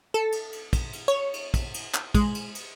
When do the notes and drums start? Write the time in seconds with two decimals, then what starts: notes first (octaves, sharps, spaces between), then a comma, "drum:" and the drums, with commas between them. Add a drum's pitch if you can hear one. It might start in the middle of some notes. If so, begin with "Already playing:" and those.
0.14 A4
0.32 drum: cymbal
0.53 drum: cymbal
0.73 drum: kick, cymbal
0.93 drum: cymbal
1.08 C#5
1.34 drum: cymbal
1.54 drum: kick, cymbal
1.74 drum: cymbal
1.94 drum: clap
2.15 G#3, drum: kick, cymbal
2.35 drum: cymbal
2.55 drum: cymbal